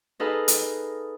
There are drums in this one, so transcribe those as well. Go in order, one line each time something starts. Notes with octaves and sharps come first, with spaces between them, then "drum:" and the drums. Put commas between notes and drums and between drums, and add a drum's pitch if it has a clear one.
D#4 G#4 A4 B4 D#5 F5
drum: hi-hat